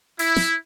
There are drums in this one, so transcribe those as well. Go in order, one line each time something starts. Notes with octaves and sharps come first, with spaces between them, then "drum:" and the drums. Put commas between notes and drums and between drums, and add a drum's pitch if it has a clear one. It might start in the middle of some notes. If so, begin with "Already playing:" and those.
E4, drum: open hi-hat
drum: snare